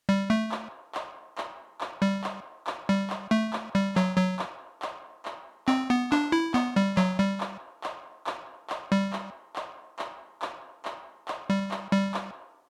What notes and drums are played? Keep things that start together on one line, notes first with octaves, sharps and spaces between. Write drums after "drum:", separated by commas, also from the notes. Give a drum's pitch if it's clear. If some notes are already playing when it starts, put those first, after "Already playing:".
G3
A3
drum: clap
drum: clap
drum: clap
drum: clap
G3
drum: clap
drum: clap
G3
drum: clap
A3
drum: clap
G3
F#3, drum: clap
F#3
drum: clap
drum: clap
drum: clap
C4, drum: clap
B3
D4, drum: clap
E4
B3, drum: clap
G3
F#3, drum: clap
G3
drum: clap
drum: clap
drum: clap
drum: clap
G3
drum: clap
drum: clap
drum: clap
drum: clap
drum: clap
drum: clap
G3
drum: clap
G3
drum: clap